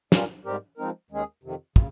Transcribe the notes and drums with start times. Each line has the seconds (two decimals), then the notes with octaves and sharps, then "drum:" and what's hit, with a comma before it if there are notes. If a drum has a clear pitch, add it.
0.12 G2 G3 C#4 F4 A#4, drum: snare
0.45 G#2 G3 C4 G4 A#4
0.77 F3 G#3 C4 D#4 A#4
1.11 D#2 D#3 G#3 C#4 G#4
1.43 F2 C3 D#3
1.76 C#3, drum: kick